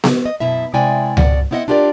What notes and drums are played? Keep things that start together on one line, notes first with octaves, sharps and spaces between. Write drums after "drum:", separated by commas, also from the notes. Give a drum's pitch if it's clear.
drum: snare B3
D#5
F#2 B2 E4 E5
C3 G#3 E4 D5 G5 G#5
F2 B2 D5 F#5, drum: tom C#2
B3 C4 E4 C#5 D#5 F#5
D4 F4 G4 A#4 D5